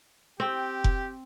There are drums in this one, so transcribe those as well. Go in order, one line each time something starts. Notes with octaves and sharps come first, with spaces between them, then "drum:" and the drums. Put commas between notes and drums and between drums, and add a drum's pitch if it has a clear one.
C4 G4
drum: kick F1